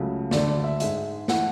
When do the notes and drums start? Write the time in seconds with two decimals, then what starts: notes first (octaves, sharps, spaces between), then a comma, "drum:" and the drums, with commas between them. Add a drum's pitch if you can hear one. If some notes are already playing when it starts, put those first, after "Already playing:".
Already playing: C#2 C#3 F#3 A3
0.31 D2 D3 A3 D5, drum: snare
0.48 D5
0.64 E5
0.80 G#2 G#3 E5, drum: hi-hat
1.28 E3 A3 F#5, drum: snare